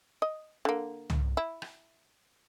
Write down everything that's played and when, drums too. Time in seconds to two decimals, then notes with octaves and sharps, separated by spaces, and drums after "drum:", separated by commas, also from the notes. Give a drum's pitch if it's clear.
0.22 D#5
0.65 D3 A#3
1.10 drum: tom
1.37 E4
1.62 drum: rim click